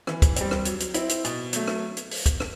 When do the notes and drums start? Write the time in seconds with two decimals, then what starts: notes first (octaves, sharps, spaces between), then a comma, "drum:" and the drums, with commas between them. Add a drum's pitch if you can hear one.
0.07 E3, drum: rim click
0.22 drum: kick, hi-hat
0.36 G3 C4, drum: hi-hat
0.51 drum: rim click
0.65 F#3, drum: hi-hat
0.80 drum: hi-hat
0.94 C4 E4, drum: hi-hat
1.09 drum: hi-hat
1.25 B2, drum: hi-hat
1.53 F#3 A3, drum: hi-hat
1.68 drum: rim click
1.97 drum: hi-hat
2.11 drum: open hi-hat
2.26 drum: kick, hi-hat
2.40 drum: rim click